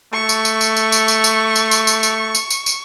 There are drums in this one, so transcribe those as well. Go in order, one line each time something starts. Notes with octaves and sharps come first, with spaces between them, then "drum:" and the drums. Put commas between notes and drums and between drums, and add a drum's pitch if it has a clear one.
A3 C#6
drum: tambourine
drum: tambourine
drum: tambourine
drum: tambourine
drum: tambourine
drum: tambourine
drum: tambourine
drum: tambourine
drum: tambourine
drum: tambourine
drum: tambourine
drum: tambourine
drum: tambourine
drum: tambourine